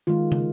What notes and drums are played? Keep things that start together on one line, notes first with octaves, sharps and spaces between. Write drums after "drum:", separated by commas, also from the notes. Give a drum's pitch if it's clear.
D#3 G#3 F4
drum: tom